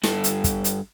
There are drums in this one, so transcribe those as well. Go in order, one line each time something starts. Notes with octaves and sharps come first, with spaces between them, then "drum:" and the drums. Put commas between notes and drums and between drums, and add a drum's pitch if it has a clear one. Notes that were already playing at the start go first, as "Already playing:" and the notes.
G2 A4, drum: snare
drum: hi-hat
drum: kick, hi-hat
drum: hi-hat